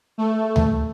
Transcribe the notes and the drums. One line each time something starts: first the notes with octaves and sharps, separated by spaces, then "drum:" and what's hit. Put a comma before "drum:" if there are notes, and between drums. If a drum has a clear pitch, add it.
A3
drum: tom D2